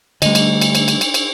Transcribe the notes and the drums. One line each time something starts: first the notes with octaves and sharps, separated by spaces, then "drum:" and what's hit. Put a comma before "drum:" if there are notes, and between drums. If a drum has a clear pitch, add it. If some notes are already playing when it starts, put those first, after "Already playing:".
D3 G3 A3 D#5, drum: cymbal
drum: cymbal
drum: cymbal
drum: cymbal
drum: cymbal
drum: cymbal
drum: cymbal